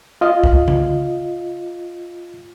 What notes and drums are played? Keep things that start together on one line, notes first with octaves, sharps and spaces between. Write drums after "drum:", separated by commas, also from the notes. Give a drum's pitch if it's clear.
F4 D#5 F5
drum: kick C2
drum: tom C#3